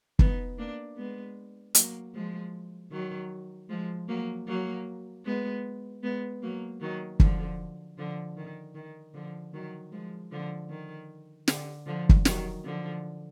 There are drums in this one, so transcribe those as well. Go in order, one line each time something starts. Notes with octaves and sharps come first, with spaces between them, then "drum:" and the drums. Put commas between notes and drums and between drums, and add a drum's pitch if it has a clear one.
B3 D#4, drum: kick
A#3 D4
G#3 B3
F#3 A#3, drum: hi-hat
F3 G#3
D#3 F#3
F3 G#3
F#3 A#3
F#3 A#3
G#3 B3
G#3 B3
F#3 A#3
D#3 F#3
D3 F3, drum: kick
D3 F3
D#3
D#3
D3 F3
D#3 F#3
F3 G#3
D3 F3
D#3
D3, drum: snare
D3 F3
drum: kick
D#3 F#3, drum: snare
D3 F3